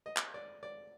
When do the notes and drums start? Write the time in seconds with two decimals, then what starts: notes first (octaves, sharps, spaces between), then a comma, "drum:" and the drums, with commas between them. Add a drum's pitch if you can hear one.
0.06 D#5
0.17 drum: clap
0.34 D5
0.63 D5